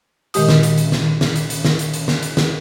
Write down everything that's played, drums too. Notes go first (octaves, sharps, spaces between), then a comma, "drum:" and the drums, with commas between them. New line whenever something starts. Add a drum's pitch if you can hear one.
A#2 D#3 G#3 G4 D#6, drum: hi-hat
drum: snare
drum: hi-hat
drum: hi-hat
drum: snare
drum: snare
drum: hi-hat
drum: hi-hat
drum: snare
drum: hi-hat
drum: hi-hat
drum: snare
drum: hi-hat
drum: snare